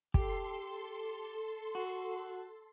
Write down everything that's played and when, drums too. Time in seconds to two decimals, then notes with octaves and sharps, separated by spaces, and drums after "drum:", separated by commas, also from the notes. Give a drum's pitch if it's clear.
0.14 G4 A4 C6 C7, drum: kick
1.75 F#4